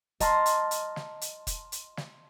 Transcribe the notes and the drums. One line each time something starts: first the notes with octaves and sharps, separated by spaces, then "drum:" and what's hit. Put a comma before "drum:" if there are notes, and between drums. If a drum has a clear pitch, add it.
D#5 A5 A#5 C6 F6, drum: kick, hi-hat
drum: hi-hat
drum: hi-hat
drum: snare
drum: hi-hat
drum: kick, hi-hat
drum: hi-hat
drum: snare